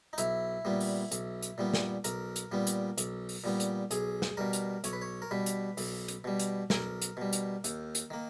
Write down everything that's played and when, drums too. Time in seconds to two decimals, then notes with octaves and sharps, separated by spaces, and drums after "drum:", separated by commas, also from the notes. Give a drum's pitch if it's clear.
0.13 D#4
0.18 B1 E4, drum: hi-hat
0.65 A#2 G3 B3
0.80 drum: open hi-hat
1.11 B1, drum: hi-hat
1.42 drum: hi-hat
1.58 A#2 G3 B3
1.74 drum: snare
2.04 B1 A#4, drum: hi-hat
2.36 drum: hi-hat
2.52 A#2 G3 B3
2.67 drum: hi-hat
2.98 B1, drum: hi-hat
3.29 drum: open hi-hat
3.44 A#2 G3 B3
3.60 drum: hi-hat
3.91 B1 G#4, drum: hi-hat
4.22 drum: snare
4.37 B2 G3 A#4
4.53 drum: hi-hat
4.84 B1 C#5, drum: hi-hat
4.93 B4
5.02 C#5
5.22 A#4
5.31 B2 G3 B4
5.46 drum: hi-hat
5.77 B1, drum: open hi-hat
6.08 drum: hi-hat
6.24 B2 G3
6.39 drum: hi-hat
6.70 B1 A#4, drum: snare
7.02 drum: hi-hat
7.17 B2 G3
7.33 drum: hi-hat
7.64 D#2, drum: hi-hat
7.95 drum: hi-hat
8.10 D#3 A#3